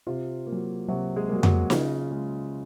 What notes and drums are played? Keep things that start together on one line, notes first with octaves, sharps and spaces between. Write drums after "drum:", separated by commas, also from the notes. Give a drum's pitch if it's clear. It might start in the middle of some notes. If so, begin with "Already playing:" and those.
C3 F4
A#3
F#3
C3 F#3 F#4
G#3 G#4
F#3 A#3
F#3 F#4, drum: tom F2
C#3 F4, drum: snare
G#3